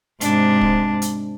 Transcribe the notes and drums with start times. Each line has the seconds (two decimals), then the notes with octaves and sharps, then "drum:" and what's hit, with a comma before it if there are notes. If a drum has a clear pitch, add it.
0.21 G#2 C3 D4, drum: hi-hat
0.61 drum: kick
1.02 drum: hi-hat